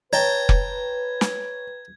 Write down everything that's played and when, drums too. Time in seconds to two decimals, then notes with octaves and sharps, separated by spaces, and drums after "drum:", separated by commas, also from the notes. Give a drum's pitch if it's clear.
0.13 B4 C#5 G5 A5 A#5 G#6
0.49 drum: kick F1
1.21 drum: snare